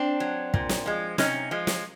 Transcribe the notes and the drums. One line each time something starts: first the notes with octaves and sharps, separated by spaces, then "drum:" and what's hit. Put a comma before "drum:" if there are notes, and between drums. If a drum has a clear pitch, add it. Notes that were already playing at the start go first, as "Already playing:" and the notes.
Already playing: C4 D4
F#3
A#2, drum: kick
drum: snare
F3 G#3
C3 C#4 D#4, drum: snare
F3 G#3
drum: snare